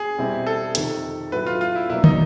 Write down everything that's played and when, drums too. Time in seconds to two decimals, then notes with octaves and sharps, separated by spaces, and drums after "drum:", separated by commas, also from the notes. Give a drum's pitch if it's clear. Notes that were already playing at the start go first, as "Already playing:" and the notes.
Already playing: G#4
0.18 B2 G3 C4 E4
0.47 A4
0.75 F2 C3 D#3, drum: hi-hat
1.32 A2 F#3 A3 B4
1.46 F4
1.61 F4
1.75 E4
1.90 B2 F#3 A#3 D4 E4
2.04 D#4, drum: tom